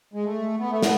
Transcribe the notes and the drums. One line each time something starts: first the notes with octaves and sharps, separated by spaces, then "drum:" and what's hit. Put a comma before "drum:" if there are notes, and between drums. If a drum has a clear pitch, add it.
G#3
A3
B3
A3
B3, drum: snare